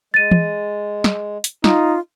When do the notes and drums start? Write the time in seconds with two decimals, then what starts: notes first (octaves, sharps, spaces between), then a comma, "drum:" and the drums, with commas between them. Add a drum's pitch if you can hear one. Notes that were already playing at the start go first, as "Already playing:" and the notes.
0.14 G#3 A6 D#7
0.31 drum: tom E3
1.04 drum: snare
1.44 drum: hi-hat
1.64 D#4 F4, drum: snare